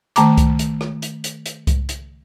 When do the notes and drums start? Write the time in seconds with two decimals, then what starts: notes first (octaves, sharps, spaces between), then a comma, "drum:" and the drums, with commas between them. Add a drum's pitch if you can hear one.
0.16 D#3 A3 A5 A#5 D6, drum: hi-hat
0.38 drum: kick C2, hi-hat
0.59 drum: hi-hat
0.81 drum: rim click
1.02 drum: hi-hat
1.24 drum: hi-hat
1.46 drum: hi-hat
1.67 drum: kick C2, hi-hat
1.89 drum: hi-hat